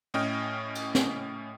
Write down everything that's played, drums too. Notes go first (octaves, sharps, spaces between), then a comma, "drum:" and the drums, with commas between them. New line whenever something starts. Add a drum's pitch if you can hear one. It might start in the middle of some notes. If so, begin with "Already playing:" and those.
A2 C#4 D#5 G5 F6
drum: cymbal
drum: snare